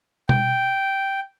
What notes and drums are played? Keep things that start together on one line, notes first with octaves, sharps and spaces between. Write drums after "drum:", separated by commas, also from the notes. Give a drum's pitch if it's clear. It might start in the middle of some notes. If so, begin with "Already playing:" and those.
G5, drum: tom